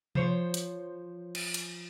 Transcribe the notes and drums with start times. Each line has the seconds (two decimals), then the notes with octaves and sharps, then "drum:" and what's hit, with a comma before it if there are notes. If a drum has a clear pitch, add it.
0.15 F3 C5 C#5, drum: tom
0.54 drum: hi-hat
1.35 drum: cymbal
1.54 drum: hi-hat